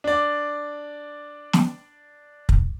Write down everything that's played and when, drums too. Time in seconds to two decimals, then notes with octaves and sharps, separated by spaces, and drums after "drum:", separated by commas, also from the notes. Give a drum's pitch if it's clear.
0.04 D4 D5
1.53 drum: snare
2.49 drum: kick